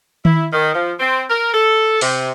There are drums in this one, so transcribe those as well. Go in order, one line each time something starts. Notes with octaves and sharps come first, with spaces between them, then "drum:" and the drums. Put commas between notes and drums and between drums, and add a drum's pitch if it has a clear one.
E4, drum: tom D#3
D#3
F3
C4
A#4
A4
C3, drum: open hi-hat